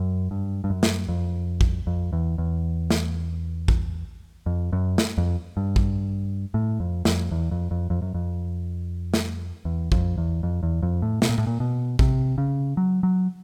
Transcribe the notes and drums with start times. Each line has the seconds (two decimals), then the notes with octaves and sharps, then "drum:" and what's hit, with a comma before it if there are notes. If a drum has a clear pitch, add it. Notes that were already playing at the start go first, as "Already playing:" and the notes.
Already playing: F#2
0.31 G2
0.64 G2
0.70 F#2
0.83 drum: snare
1.09 F2
1.61 drum: kick
1.87 F2
2.13 E2
2.38 E2
2.90 drum: snare
3.68 drum: kick
4.46 F2
4.73 F#2
4.98 drum: snare
5.18 F2
5.57 G2
5.76 drum: kick
6.54 A2
6.80 F2
7.05 F2, drum: snare
7.31 E2
7.51 F2
7.71 F2
7.90 F2
8.02 F#2
8.14 F2
9.14 drum: snare
9.65 E2
9.92 F2, drum: kick
10.18 E2
10.43 F2
10.63 E2
10.83 F2
11.02 A2
11.22 B2, drum: snare
11.29 A#2
11.38 A2
11.47 A#2
11.60 B2
11.99 C3, drum: kick
12.38 C#3
12.77 F#3
13.03 F#3